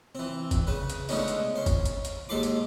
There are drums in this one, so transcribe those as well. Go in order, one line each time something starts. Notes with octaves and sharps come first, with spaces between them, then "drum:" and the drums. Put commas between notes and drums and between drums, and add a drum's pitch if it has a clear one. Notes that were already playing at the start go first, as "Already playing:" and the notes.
E3 C4
drum: kick G1, hi-hat
C#3 B4
drum: hi-hat
D3 G#3 A3 B3 C#4 D#4, drum: open hi-hat
drum: hi-hat
C#4 C5
drum: kick G1, hi-hat
drum: hi-hat
drum: hi-hat
D#2 G#2 A4 B5 C6 D6
drum: hi-hat